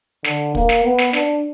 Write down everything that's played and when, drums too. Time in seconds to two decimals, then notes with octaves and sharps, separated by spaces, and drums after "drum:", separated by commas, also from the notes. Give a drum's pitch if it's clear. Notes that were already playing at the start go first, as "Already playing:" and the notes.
0.24 D3, drum: snare
0.55 A#3, drum: kick
0.69 drum: snare
0.84 B3
0.98 drum: snare
1.13 D4, drum: snare